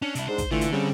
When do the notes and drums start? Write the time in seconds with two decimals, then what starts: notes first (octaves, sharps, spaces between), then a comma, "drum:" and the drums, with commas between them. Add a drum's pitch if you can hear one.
0.02 C#4 D4
0.15 C3 E4, drum: hi-hat
0.29 G#2 C5
0.38 drum: kick, hi-hat
0.51 D3 E3 A3 F4
0.61 drum: hi-hat
0.73 C#3 G3 C4